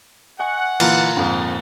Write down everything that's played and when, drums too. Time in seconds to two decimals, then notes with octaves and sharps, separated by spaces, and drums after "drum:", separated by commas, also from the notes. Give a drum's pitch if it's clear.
0.39 D#5 F#5 G#5 C#6
0.80 A#2 D3 E3 F4 A#5, drum: cymbal
1.17 F2 G#2